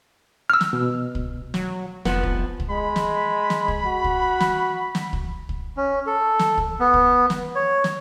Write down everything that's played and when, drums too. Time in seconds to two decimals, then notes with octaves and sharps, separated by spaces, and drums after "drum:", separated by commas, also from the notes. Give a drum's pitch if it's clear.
0.50 E6 F6
0.61 drum: snare
0.73 B2
1.15 drum: kick
1.54 F#3, drum: snare
2.05 F1 F3 B3, drum: snare
2.23 drum: kick
2.60 drum: kick
2.70 G#3 B5
2.96 drum: snare
3.50 drum: snare
3.68 drum: kick
3.86 F#4
4.04 drum: kick
4.40 drum: snare
4.95 drum: snare
5.13 drum: kick
5.49 drum: kick
5.77 C#4
6.06 A4
6.39 drum: snare
6.58 drum: kick
6.80 B3
6.94 drum: kick
7.30 drum: snare
7.55 C#5
7.84 drum: snare